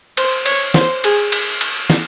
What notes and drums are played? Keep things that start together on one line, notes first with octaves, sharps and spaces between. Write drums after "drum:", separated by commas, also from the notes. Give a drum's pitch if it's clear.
C5, drum: cymbal
C#5, drum: cymbal
C5, drum: snare
G#4, drum: cymbal
drum: cymbal
drum: cymbal
drum: snare